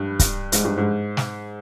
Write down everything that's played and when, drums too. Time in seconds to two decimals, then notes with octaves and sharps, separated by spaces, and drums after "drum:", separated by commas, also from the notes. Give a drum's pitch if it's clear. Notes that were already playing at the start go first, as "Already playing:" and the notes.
Already playing: G2
0.19 drum: kick, hi-hat
0.52 G#2, drum: hi-hat
0.65 G2
0.77 G#2
1.17 drum: snare